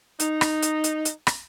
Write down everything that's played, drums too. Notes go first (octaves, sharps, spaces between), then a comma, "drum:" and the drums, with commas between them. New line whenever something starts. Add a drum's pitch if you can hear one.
D#4, drum: hi-hat
drum: rim click
drum: hi-hat
drum: hi-hat
drum: hi-hat
drum: rim click